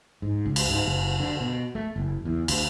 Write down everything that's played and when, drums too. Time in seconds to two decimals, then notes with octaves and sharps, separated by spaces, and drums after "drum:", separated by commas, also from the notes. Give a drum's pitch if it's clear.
0.22 G#2
0.45 C#2
0.56 drum: cymbal
0.69 G#2
0.86 F#1
1.20 D3
1.40 B2
1.75 A3
1.96 F#1
2.25 E2
2.48 D2, drum: cymbal